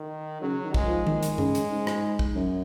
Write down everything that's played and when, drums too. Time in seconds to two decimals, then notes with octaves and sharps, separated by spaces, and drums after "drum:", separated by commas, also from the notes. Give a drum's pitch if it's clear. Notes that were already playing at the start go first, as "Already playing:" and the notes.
Already playing: D#3
0.41 C#3 F#3
0.64 D#3
0.74 G#3, drum: kick
0.85 F3
1.07 D#3, drum: tom D#3
1.23 drum: hi-hat
1.38 C#3, drum: tom G2
1.55 drum: hi-hat
1.71 G#2
1.87 drum: rim click
2.19 drum: kick
2.35 F#2